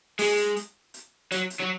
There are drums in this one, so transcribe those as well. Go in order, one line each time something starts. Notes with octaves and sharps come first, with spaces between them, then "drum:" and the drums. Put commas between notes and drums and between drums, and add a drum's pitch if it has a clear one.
G#3, drum: open hi-hat
drum: hi-hat
drum: hi-hat
drum: hi-hat
F#3, drum: hi-hat
drum: hi-hat
F#3